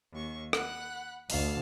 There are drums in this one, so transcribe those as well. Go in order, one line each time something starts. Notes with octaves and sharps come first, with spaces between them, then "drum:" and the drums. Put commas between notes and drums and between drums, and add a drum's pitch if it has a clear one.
D#2 C#6
F#5 B5 F#6, drum: rim click
D2 F5 A5, drum: open hi-hat